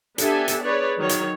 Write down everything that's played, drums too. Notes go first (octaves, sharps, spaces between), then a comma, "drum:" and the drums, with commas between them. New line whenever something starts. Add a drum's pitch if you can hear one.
B3 D4 G4 A4 E5 G#5, drum: hi-hat
drum: hi-hat
G#4 B4 C#5 D5
D#3 F#3 C#5
drum: hi-hat